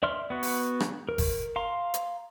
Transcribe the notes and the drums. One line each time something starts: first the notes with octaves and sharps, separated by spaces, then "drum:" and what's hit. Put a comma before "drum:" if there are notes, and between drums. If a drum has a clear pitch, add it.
D5 E5 C6 F6
B3 F#4
drum: open hi-hat
drum: rim click
A#4
drum: kick G1, open hi-hat
F5 A#5 C6
drum: hi-hat